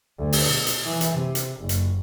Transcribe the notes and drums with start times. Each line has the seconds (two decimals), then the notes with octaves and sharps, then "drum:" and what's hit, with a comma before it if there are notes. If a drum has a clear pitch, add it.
0.18 D2
0.32 drum: open hi-hat
0.47 B2
0.67 drum: hi-hat
0.84 E3
1.01 drum: hi-hat
1.13 C3
1.35 drum: hi-hat
1.60 F#1
1.69 drum: hi-hat